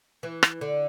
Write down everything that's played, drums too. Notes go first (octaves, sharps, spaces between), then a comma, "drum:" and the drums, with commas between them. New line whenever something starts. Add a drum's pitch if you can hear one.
E3
drum: rim click
D3